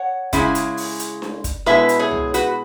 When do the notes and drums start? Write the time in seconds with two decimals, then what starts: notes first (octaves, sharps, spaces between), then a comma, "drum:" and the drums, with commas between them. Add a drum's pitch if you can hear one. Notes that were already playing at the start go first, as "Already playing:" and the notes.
Already playing: C#5 F#5
0.33 C#3 G#3 C#4 E4, drum: kick, hi-hat
0.55 drum: hi-hat
0.77 drum: open hi-hat
1.00 drum: hi-hat
1.22 drum: snare D4
1.44 drum: kick, hi-hat
1.66 B2 G#3 E4 B4 E5, drum: snare D4
1.89 drum: hi-hat
1.99 G#4 C#5
2.11 drum: tom C2
2.34 F#4 B4, drum: hi-hat